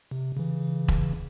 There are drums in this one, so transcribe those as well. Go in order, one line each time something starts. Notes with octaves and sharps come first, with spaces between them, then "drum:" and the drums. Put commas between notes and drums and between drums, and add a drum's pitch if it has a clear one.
C3
C#3 E3
drum: kick E1